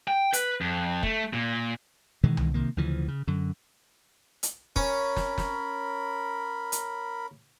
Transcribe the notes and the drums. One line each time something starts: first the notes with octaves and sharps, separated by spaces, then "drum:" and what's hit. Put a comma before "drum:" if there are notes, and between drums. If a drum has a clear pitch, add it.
G5
B4, drum: hi-hat
F2
A3, drum: kick
A#2
B2 D#3 E3 G#3
drum: tom C2
C3 D#3 A#3
D2 C#3 E3 F3
C#3
F#2 D3
drum: hi-hat
C#4 A#4 B5, drum: kick
drum: snare
drum: snare
drum: hi-hat